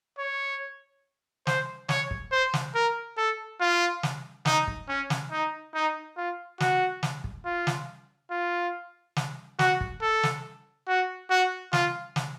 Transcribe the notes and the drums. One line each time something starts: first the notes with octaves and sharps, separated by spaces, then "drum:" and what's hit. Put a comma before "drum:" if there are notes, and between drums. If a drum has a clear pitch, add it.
C#5
C5, drum: snare
C#5, drum: snare
drum: kick
C5
drum: snare
A#4
A4
F4
drum: snare
D#4, drum: snare
drum: kick
C#4
drum: snare
D#4
D#4
F4
F#4, drum: snare
drum: snare
drum: kick
F4
drum: snare
F4
drum: snare
F#4, drum: snare
drum: kick
A4
drum: snare
F#4
F#4
F4, drum: snare
drum: snare